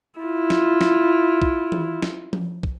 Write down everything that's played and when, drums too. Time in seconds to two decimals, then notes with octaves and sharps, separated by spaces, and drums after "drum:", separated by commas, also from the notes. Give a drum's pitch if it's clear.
0.20 E4 F4
0.50 drum: snare
0.81 drum: snare
1.42 drum: kick
1.72 drum: tom E3
2.02 drum: snare
2.33 drum: tom F3
2.63 drum: kick